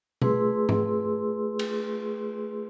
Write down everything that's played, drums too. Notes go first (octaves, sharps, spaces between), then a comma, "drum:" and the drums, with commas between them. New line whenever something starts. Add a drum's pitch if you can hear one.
A3 F4 G#4 B4 C6 E6, drum: tom B2
drum: tom G#2
drum: cymbal